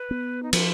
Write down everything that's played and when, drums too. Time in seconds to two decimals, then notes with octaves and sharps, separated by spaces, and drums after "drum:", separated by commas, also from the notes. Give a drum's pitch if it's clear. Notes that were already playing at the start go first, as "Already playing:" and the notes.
Already playing: B4
0.11 B3
0.43 D#4
0.53 F3 F4, drum: cymbal